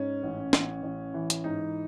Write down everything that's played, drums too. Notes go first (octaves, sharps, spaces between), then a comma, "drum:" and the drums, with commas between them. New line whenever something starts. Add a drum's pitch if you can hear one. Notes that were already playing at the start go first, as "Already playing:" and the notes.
Already playing: G#2 C#4
A1
A1, drum: snare
A1
E3
drum: hi-hat
G#2 D#4